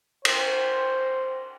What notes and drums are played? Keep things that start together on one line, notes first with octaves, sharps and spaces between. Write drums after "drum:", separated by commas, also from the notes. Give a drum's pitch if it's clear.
C5, drum: cymbal